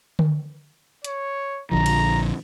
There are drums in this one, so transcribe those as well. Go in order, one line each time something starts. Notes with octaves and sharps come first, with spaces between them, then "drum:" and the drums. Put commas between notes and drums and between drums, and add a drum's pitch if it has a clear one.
drum: tom D3
C#5, drum: hi-hat
A#1 D3 F3 A#5
drum: cymbal